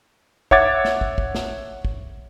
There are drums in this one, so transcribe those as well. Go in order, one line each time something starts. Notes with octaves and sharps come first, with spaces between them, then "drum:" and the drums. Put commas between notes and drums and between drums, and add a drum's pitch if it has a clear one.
C#5 E5 F#5 D6 G#6 A6, drum: kick
drum: snare
drum: kick
drum: kick
drum: snare
drum: kick